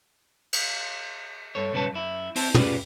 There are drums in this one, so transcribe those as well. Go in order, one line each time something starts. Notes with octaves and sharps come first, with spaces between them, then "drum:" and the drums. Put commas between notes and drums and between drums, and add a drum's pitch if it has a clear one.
drum: cymbal
G2 A4 C#5
B1 G2 C#3 B4 C#5 A5
F#2 E4
C4 E4 C5 A5, drum: open hi-hat
C#4 F4 G4 G#4 B4 D5, drum: tom